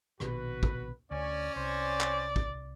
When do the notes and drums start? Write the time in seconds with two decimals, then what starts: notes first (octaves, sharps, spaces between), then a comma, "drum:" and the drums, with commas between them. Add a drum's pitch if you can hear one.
0.20 A#1 B2 D#3 F#4 B4, drum: rim click
0.63 drum: kick
1.11 D2 C#4 D5
1.56 C2 C5 D5
2.01 drum: clap
2.36 drum: kick